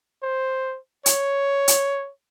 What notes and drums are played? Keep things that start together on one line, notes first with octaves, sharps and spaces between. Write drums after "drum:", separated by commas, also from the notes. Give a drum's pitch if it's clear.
C5
C#5, drum: hi-hat
drum: hi-hat